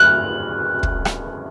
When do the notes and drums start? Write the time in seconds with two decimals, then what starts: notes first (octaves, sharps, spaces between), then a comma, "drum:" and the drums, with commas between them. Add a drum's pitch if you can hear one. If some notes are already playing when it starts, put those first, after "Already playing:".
Already playing: F6 F#6
0.83 drum: kick
1.05 drum: rim click